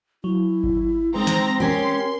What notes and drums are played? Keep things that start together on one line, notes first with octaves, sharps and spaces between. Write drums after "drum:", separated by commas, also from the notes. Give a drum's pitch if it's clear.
F#3 E4
drum: kick G#1
G#3 C4 D#4 A#5 A#6
drum: snare
C#4 G4 A#4 C6